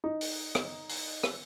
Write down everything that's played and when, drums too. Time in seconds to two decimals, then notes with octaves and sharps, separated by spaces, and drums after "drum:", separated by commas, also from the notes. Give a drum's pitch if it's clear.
0.04 D#4
0.21 drum: open hi-hat
0.55 drum: rim click
0.89 drum: open hi-hat
1.23 drum: rim click